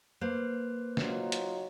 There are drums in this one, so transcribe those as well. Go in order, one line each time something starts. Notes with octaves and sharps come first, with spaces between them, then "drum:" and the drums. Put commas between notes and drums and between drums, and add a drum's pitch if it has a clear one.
A#3 B4 C5
F#3 D#4 F4, drum: snare
drum: hi-hat